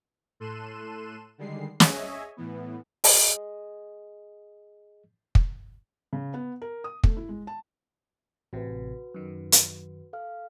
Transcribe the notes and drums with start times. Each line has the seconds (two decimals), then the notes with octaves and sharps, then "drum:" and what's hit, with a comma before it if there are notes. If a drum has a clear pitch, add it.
0.40 A2 A4 C6 F#6 D#7 E7
1.38 D3 D#3 G3 G#3 C7
1.80 G#4 C#5 D#5 E5 G#5, drum: snare
2.37 A2 E3 B3
3.04 G#4 D#5, drum: open hi-hat
5.35 drum: kick
6.13 C#3
6.34 B3
6.62 A#4
6.84 D#6
7.04 A3, drum: kick
7.17 E4
7.29 G#3
7.47 A5
8.53 A1 C3 F#4 B4
9.14 F#2 D#3
9.52 drum: hi-hat
10.13 A4 F5 F6